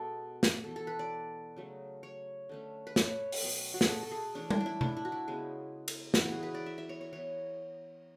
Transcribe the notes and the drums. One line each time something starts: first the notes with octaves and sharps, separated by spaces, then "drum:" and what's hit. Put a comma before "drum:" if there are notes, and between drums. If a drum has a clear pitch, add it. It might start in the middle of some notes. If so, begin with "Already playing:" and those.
Already playing: B2 G#3 B3 A4
drum: snare
E3 B3 A4
A4
B4
D5
C#3 F#3 A3
C#5
D3 A3 C#4
B4
C#5, drum: snare
drum: open hi-hat
B2 F#3 B3
F#4
G#4, drum: snare
A4
A4
G#4
E3 A3 C#4 D4
D4, drum: tom G3
D4
E4
D4, drum: tom C3
E4
F#4
E4
C#3 G#3 B3
drum: cymbal
F#4, drum: snare
C#3 E3 B3 E4
G#4
B4
D5
E5
E5
C#5
C#5
E3 B3 C#5